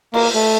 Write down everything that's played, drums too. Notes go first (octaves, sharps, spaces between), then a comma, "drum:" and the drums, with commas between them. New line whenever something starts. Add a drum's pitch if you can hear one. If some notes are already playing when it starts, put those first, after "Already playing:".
A#3, drum: cymbal
A3